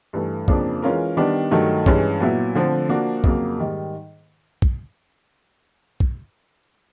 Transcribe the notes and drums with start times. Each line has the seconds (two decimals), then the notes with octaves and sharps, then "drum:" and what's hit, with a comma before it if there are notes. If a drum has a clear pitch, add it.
0.13 G2 E3 A3
0.48 F2 C#3 F3 A#3 D4, drum: kick
0.82 E3 G#3 C#4 F4 A#4
1.17 D#3 G3 B3 D4
1.51 G2 D#3 F#3 A3
1.86 G2 E3 G#3 C#4, drum: kick
2.21 A#2 F#3 B3 E4
2.55 D3 F3 A3 C4
2.89 F3 A#3 D4 F#4
3.24 F2 C#3 F#3 A#3, drum: kick
3.59 G#2 D#3 G3
4.62 drum: kick
6.00 drum: kick